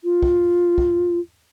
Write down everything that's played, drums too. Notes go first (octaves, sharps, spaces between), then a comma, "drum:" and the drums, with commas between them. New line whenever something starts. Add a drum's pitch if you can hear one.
F4
drum: kick
drum: kick